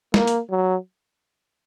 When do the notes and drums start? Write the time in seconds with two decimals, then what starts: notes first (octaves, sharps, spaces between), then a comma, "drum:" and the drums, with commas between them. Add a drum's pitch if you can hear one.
0.14 A#3, drum: snare
0.27 drum: hi-hat
0.50 F#3